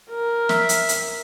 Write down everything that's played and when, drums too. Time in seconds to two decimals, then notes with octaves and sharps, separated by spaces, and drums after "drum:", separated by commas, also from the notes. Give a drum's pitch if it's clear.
0.11 A#4
0.49 E5, drum: snare
0.69 drum: hi-hat
0.89 drum: hi-hat